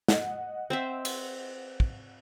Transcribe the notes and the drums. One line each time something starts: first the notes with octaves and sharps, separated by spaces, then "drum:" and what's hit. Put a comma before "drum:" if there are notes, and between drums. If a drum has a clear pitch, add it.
D#5 F#5, drum: snare
C4 C5 E5
drum: cymbal
drum: kick